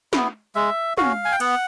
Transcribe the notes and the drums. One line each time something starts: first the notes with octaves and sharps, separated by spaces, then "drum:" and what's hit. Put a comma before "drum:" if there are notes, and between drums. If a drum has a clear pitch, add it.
B3 E4, drum: snare
G#3 E5
C#4 F#4 F5, drum: tom
G#5
G5
B3 F#5, drum: cymbal